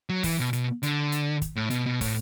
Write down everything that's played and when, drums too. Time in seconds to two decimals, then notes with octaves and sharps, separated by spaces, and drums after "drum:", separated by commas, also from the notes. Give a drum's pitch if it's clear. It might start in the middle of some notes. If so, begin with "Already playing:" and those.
0.10 F#3
0.23 E3, drum: kick, open hi-hat
0.39 B2
0.53 B2, drum: hi-hat
0.83 D3, drum: hi-hat
1.12 drum: hi-hat
1.42 drum: kick, hi-hat
1.56 A2
1.70 B2, drum: hi-hat
1.86 B2
2.01 A2, drum: kick, open hi-hat